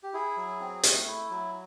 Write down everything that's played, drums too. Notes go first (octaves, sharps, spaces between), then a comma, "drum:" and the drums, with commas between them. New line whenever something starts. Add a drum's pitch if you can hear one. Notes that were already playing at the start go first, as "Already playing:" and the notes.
G4
E4 G#4
F#3
C4
A3, drum: hi-hat
E4
F#3